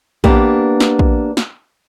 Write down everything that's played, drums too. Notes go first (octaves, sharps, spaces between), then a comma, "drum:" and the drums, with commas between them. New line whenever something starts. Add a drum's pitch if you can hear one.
A#3 B3 D4 G4, drum: kick
drum: snare
drum: kick
drum: snare